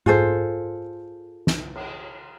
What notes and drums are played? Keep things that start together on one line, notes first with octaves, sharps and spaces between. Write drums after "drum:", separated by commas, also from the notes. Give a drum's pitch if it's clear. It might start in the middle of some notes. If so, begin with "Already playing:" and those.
F4 G#4 A4 C5, drum: tom G#2
drum: snare
drum: cymbal